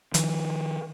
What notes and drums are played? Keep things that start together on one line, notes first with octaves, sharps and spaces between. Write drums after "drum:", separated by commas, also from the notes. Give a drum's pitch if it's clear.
D#3 F3, drum: hi-hat